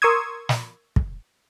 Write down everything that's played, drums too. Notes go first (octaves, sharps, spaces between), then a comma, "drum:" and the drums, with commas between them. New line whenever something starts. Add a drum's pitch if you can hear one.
A#4 C6 C#6 D#6 E6 G#6
drum: snare
drum: kick